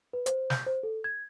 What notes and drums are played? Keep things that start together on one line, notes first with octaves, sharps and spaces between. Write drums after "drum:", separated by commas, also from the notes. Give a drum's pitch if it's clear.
B4
C5, drum: hi-hat
G6, drum: snare
C5
A4
G#6